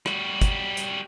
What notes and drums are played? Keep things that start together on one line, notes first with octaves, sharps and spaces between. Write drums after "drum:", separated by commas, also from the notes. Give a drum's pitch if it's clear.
G3 F#4, drum: rim click
drum: kick, hi-hat
drum: hi-hat